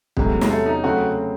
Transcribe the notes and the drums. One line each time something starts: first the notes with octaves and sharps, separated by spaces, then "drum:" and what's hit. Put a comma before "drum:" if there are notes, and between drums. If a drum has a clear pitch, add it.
E2 C3 F#3 G#3 A3 C#4, drum: kick
G#3, drum: snare
A3
D#4
C#3 F#3 A3 C4 F#4